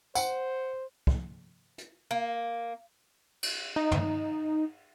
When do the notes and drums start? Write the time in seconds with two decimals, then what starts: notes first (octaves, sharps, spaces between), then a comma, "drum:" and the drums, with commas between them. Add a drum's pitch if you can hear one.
0.15 C5 F#5, drum: tambourine
1.07 drum: kick
1.78 drum: hi-hat
2.11 A#3
3.43 drum: cymbal
3.76 D#4
3.91 drum: tom